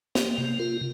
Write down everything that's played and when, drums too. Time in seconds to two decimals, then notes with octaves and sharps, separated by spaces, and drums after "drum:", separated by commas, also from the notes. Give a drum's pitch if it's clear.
0.15 A#3 G4, drum: snare
0.38 C3
0.59 F4 A#4